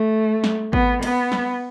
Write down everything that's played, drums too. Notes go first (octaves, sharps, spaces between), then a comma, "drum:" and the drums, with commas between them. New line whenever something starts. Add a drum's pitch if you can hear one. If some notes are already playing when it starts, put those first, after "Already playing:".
Already playing: A3
drum: snare
B3, drum: kick G#1
B3, drum: cymbal
drum: snare